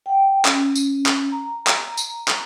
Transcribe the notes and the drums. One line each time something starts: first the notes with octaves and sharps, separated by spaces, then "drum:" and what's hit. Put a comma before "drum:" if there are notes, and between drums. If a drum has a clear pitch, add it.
F#5 G5
C#4, drum: clap
drum: tambourine
drum: clap
A#5
drum: clap
drum: tambourine
drum: clap